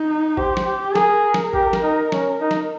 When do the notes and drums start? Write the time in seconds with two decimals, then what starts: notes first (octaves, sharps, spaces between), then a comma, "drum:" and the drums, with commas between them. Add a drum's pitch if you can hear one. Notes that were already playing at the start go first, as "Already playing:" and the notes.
Already playing: D#4
0.37 G4 C5, drum: kick A1
0.57 drum: snare
0.67 G4
0.95 G#4 A#4, drum: snare
1.34 drum: snare
1.53 G4, drum: kick A1
1.73 drum: snare
1.83 D#4
2.12 C#4, drum: snare
2.41 D#4
2.51 drum: snare